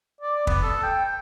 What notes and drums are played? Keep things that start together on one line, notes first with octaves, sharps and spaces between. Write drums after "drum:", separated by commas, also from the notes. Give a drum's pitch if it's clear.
D5
B3, drum: kick
A4
G5
G5